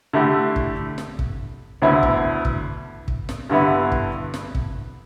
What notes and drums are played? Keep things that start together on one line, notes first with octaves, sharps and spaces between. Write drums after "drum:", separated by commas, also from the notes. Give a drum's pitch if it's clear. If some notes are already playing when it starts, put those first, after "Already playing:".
D3 A3 E4 G4
drum: kick
drum: snare
drum: kick
D2 D3 B3 E4
drum: kick
drum: kick
drum: kick
drum: snare
G2 D3 B3 E4
drum: kick
drum: snare
drum: kick